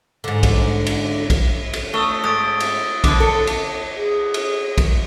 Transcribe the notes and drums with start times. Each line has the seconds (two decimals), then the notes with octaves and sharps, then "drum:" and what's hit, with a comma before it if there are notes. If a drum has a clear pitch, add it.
0.24 G#2 D3
0.43 drum: kick, cymbal
0.86 drum: cymbal
1.30 drum: kick, cymbal
1.73 drum: cymbal
1.94 A3 D#6 E6 G7
2.24 G#2 D#6 A6 D7
2.60 drum: cymbal
3.04 B2 D3 D6, drum: kick, cymbal
3.20 A4
3.47 drum: cymbal
3.96 G#4
4.34 drum: cymbal
4.78 drum: kick, cymbal